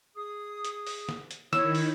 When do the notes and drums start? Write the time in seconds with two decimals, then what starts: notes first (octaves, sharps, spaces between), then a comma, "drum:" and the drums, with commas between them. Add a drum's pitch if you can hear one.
0.16 G#4 D#6
0.65 drum: hi-hat
0.87 drum: open hi-hat
1.09 drum: snare
1.31 drum: hi-hat
1.53 D#3 E4 C#5 E6, drum: snare
1.75 drum: open hi-hat